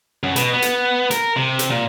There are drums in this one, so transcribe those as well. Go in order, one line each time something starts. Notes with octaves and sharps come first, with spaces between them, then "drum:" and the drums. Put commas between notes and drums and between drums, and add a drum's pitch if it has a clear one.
F#2
B2, drum: hi-hat
B3
drum: hi-hat
A#4, drum: hi-hat
C3
drum: hi-hat
A#2